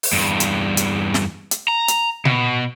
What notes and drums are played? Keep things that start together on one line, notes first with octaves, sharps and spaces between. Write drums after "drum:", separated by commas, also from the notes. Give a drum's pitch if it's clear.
drum: open hi-hat
E2 G2
drum: hi-hat
drum: hi-hat
drum: snare
drum: hi-hat
A#5
drum: hi-hat
B2, drum: tom A#2